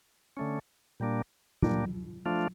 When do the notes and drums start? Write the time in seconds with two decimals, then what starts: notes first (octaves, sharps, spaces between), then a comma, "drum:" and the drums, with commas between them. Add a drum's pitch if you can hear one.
0.37 D3 A3 C#4
1.00 A#2 G3 A#3 D4
1.63 A#2 G3 A#3 D4, drum: tom
2.25 F3 A3 D4 F4